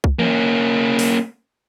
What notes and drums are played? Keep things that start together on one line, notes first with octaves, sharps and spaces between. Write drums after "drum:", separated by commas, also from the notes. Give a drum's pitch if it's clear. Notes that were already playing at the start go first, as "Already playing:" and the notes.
drum: kick C2
A#3 C#4, drum: tom E3
drum: open hi-hat